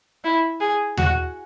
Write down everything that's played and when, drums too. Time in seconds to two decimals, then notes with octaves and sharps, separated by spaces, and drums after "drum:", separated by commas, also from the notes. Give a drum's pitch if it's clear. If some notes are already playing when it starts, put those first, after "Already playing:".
0.24 E4
0.61 G#4
0.97 F#4, drum: tom D#2